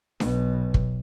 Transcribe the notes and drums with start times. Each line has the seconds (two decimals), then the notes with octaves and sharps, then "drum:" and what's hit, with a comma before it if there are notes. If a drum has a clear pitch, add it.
0.20 B1 B2, drum: snare D4
0.74 drum: kick